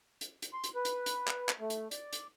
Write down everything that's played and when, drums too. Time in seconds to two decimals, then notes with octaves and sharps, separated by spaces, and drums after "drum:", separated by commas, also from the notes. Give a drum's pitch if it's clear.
0.21 drum: hi-hat
0.42 drum: hi-hat
0.53 C6
0.64 drum: hi-hat
0.75 B4
0.85 drum: hi-hat
1.06 drum: hi-hat
1.27 drum: clap
1.49 drum: clap
1.60 A3
1.70 drum: hi-hat
1.91 D5, drum: hi-hat
2.13 drum: hi-hat